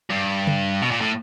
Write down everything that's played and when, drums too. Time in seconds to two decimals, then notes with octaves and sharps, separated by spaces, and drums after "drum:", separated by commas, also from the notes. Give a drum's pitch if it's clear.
0.10 G2
0.47 drum: tom C#3
0.82 B2
0.92 A#2
1.01 A2